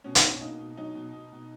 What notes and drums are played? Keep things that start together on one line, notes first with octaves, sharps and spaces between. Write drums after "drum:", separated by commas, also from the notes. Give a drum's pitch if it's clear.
B2 C#4
D#4, drum: hi-hat
B2 C#4
C#4
A#3 D#4
B2
F#3 D#4
B2
B2
B2